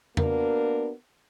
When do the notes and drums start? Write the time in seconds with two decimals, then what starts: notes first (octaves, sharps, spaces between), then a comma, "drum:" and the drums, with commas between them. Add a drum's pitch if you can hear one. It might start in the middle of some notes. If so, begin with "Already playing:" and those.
0.17 A#3 B3 D4 F#4 A#4, drum: tom E2